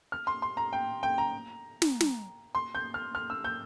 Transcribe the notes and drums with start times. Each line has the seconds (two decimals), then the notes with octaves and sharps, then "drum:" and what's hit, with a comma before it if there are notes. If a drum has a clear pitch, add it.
0.12 F6
0.27 C6
0.42 C6
0.57 A#5
0.73 G5
1.03 G5
1.18 A#5
1.82 drum: snare
2.01 drum: snare
2.55 C6
2.75 G6
2.94 F6
3.15 F6
3.30 E6
3.44 G6